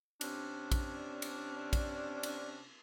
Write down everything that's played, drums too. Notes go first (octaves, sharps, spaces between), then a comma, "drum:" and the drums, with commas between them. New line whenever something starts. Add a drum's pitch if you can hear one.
C3 C#4 D4, drum: cymbal
drum: kick, cymbal
drum: cymbal
drum: kick, cymbal
drum: cymbal